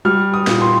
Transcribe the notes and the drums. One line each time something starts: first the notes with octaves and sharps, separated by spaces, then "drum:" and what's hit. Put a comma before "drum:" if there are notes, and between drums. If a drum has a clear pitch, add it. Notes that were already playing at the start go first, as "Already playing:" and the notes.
G3 F6
D#6
A#2, drum: snare
C6